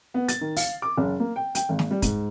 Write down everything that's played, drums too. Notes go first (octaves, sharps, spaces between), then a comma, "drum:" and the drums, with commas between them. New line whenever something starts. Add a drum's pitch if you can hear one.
B3
A6, drum: hi-hat
D#3
F5, drum: open hi-hat
D6
F#1
A#3
G5
G5, drum: hi-hat
G#1
drum: snare
G3
G#2, drum: kick, hi-hat